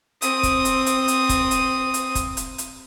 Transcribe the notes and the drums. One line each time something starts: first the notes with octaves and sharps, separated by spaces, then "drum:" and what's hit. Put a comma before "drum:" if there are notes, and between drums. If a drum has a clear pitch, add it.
C4 D#6, drum: hi-hat
drum: kick, hi-hat
drum: hi-hat
drum: hi-hat
drum: hi-hat
drum: kick, hi-hat
drum: hi-hat
drum: hi-hat
drum: kick, hi-hat
drum: hi-hat
drum: hi-hat